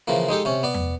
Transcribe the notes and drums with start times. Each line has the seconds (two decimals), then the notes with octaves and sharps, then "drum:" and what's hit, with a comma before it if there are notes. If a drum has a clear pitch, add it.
0.08 C#3 E3 F3 A#3
0.29 G#3 D#4 G4 A4
0.45 C3 C#4
0.63 B3 D5
0.74 drum: tom E2